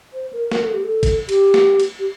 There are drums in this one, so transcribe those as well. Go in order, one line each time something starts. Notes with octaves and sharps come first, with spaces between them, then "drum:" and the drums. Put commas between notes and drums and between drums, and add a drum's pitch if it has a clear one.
C5
A#4
A#4, drum: snare
A4
G4
A4
drum: kick G#1, cymbal
G4, drum: cymbal
drum: snare
drum: cymbal
G4